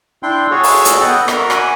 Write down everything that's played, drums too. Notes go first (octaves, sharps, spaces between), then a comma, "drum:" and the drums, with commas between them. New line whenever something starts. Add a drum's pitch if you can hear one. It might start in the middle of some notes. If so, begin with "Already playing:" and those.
D4 E4 G5 C6
F#4 G#4 A4 C#5
drum: open hi-hat
drum: hi-hat
B3 A4 D#5 F#5 G5
F#4 A#4 E5 A#5, drum: rim click
F#5 G#5 B5 D6, drum: rim click